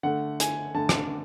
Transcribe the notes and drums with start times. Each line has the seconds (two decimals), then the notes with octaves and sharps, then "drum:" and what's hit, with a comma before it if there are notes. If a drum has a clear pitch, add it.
0.03 D3 A3 F#5
0.40 G#5, drum: hi-hat
0.74 D3 A3 A5
0.89 drum: rim click